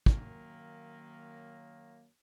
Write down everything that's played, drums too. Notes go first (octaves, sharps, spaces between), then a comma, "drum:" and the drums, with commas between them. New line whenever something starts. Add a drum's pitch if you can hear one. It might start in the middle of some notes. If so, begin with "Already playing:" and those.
F#2 D#3 F#3 A#3, drum: kick